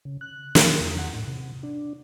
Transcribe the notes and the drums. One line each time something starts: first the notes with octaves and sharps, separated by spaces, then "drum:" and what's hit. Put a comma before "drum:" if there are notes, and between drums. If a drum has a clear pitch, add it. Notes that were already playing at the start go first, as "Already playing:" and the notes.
C#3
F#6
drum: snare
E2
F#5
A2
C3
D4